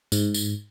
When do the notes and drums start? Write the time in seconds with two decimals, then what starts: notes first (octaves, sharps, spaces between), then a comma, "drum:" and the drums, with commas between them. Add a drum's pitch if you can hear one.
0.12 G#2, drum: tambourine
0.34 drum: tambourine